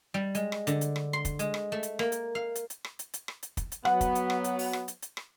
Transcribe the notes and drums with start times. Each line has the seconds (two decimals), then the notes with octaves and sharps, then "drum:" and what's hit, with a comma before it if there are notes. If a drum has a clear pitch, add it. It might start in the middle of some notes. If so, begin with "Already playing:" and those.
0.14 G3
0.35 G#3, drum: hi-hat
0.52 drum: rim click
0.67 D3, drum: hi-hat
0.81 drum: hi-hat
0.96 drum: rim click
1.13 C6
1.25 drum: kick, hi-hat
1.39 G#3, drum: hi-hat
1.54 drum: rim click
1.72 A3
1.83 drum: hi-hat
1.99 A#3, drum: rim click
2.12 drum: hi-hat
2.35 F5
2.55 drum: hi-hat
2.70 drum: hi-hat
2.84 drum: rim click
2.99 drum: hi-hat
3.14 drum: hi-hat
3.28 drum: rim click
3.43 drum: hi-hat
3.57 drum: kick, hi-hat
3.72 drum: hi-hat
3.85 F#3 B3 F#5, drum: rim click
4.01 drum: kick, hi-hat
4.15 drum: hi-hat
4.30 drum: rim click
4.44 drum: hi-hat
4.59 drum: open hi-hat
4.73 drum: rim click
4.88 drum: hi-hat
5.02 drum: hi-hat
5.17 drum: rim click